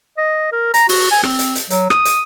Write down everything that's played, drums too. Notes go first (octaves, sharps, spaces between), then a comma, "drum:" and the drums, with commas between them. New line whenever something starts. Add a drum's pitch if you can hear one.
D#5
A#4
A#5, drum: hi-hat
F#4, drum: open hi-hat
G#5
C4, drum: rim click
drum: hi-hat
drum: hi-hat
F#3, drum: hi-hat
D#6, drum: rim click
drum: hi-hat